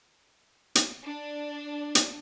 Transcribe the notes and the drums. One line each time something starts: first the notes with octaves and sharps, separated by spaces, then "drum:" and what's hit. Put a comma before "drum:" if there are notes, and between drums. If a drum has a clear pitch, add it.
drum: hi-hat
D4
drum: hi-hat